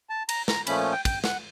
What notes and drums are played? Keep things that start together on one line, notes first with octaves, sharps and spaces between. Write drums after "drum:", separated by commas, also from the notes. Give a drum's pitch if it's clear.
A5
A#5, drum: cymbal
A#5, drum: snare
A#2 F3 A3 C#4 B5, drum: cymbal
G5
G5, drum: kick, cymbal
F#5, drum: snare